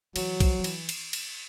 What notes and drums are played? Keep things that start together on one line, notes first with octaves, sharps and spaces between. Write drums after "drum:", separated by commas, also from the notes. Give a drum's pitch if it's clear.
E3 F#3, drum: cymbal
F3, drum: kick, cymbal
F3
E3, drum: cymbal
drum: cymbal
drum: cymbal